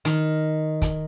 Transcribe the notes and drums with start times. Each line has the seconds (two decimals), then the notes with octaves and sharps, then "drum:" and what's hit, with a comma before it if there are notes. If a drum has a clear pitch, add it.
0.05 D#3, drum: hi-hat
0.82 drum: kick, hi-hat